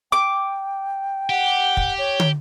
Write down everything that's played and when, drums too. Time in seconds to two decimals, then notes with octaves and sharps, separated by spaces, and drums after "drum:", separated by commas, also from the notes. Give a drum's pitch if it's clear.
0.12 G5 D6
1.30 G4 F#5
1.77 drum: kick
1.98 C#5
2.20 drum: tom